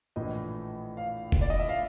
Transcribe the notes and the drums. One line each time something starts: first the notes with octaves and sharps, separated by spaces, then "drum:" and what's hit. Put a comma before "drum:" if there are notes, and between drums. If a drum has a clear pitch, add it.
A#1 A2 E3 D#5
F5
drum: kick F1
D5
D#5
E5
F5